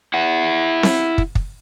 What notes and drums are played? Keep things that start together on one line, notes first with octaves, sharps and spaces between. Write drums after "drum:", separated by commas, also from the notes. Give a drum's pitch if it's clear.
E4 F#5
drum: snare C4
drum: kick
drum: kick